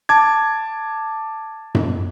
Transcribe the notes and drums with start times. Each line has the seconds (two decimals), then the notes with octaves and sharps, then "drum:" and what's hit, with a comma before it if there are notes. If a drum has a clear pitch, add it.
0.09 A5 D6 G#6
1.75 drum: tom F#2